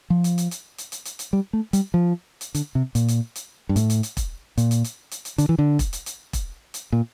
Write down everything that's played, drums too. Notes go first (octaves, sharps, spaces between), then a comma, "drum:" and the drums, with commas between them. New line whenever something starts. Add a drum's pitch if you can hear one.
F3
drum: hi-hat
drum: hi-hat
drum: hi-hat
drum: hi-hat
drum: hi-hat
drum: hi-hat
drum: hi-hat
G3
A3
G3, drum: hi-hat
F3
drum: hi-hat
D3, drum: hi-hat
C3
A#2, drum: hi-hat
drum: hi-hat
drum: hi-hat
G2
A2, drum: hi-hat
drum: hi-hat
drum: hi-hat
drum: kick E1, hi-hat
A#2, drum: hi-hat
drum: hi-hat
drum: hi-hat
drum: hi-hat
drum: hi-hat
D3, drum: hi-hat
E3
D3
drum: kick E1, hi-hat
drum: hi-hat
drum: hi-hat
drum: kick E1, hi-hat
drum: hi-hat
A#2